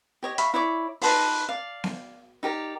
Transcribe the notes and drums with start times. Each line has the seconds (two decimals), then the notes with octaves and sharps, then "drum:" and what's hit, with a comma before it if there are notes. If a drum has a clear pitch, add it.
0.23 G4 C#5 D#5
0.38 E5 F5 B5 C#6, drum: hi-hat
0.54 E4 C#5 D5 D6
1.02 D#4 B4 A5 C6, drum: open hi-hat
1.49 D5 F5
1.84 drum: snare B3
2.43 D#4 G4 A#4 D5